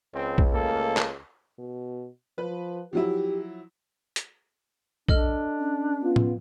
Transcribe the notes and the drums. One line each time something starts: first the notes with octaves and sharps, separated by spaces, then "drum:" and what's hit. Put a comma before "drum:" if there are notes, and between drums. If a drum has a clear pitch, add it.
C#2 C4
drum: kick B1
A3 A#3 A4
drum: clap
B2
F3 B4
F3 F#3 E4 G4
drum: hi-hat
D4 A4 D#5 F6, drum: kick B1
C#4
B3 F4
drum: tom A2